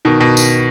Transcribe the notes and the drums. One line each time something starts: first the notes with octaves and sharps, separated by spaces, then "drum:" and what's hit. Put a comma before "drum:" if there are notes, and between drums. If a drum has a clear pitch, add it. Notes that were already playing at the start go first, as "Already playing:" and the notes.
B2 D#3
B2
drum: tambourine